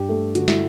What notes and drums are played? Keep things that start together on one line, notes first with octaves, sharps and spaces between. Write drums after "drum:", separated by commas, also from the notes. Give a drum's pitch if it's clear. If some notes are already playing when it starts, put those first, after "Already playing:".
Already playing: G2 G4
A3
D3 F#4, drum: hi-hat
E4, drum: snare